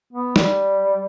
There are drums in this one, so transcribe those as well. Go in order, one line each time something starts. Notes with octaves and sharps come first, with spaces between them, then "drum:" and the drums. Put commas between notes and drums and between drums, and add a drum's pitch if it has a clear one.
B3
G3, drum: snare